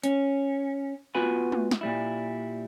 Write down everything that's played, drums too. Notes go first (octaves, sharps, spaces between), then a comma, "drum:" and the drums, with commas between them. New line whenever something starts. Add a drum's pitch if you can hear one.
C#4, drum: hi-hat
B3 F4 F#4 B4 G#5 B5
drum: tom G#3
drum: snare
A#2 G3 E4